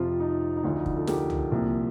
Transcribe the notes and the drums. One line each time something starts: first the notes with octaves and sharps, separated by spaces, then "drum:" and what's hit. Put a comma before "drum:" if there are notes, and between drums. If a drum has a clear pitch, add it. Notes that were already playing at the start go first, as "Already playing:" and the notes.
Already playing: F2 C3 F3 F4
D#4
D#4
D2 D3 F3 F4
D#4
F4, drum: kick
F4 A4
G4 A#4, drum: snare
drum: tom
C2 A#2 F3